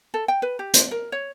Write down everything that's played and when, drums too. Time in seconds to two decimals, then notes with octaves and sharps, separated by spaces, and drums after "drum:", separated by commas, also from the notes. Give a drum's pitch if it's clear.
0.14 A4
0.28 G5
0.42 B4
0.59 G4
0.74 C5, drum: hi-hat
0.91 A#4
1.12 C#5